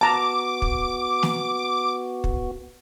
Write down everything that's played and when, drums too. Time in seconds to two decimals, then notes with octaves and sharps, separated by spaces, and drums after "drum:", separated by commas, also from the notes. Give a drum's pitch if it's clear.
0.01 B3 F#4 A5 A#5 D6
0.62 drum: kick
1.23 drum: snare
2.24 drum: kick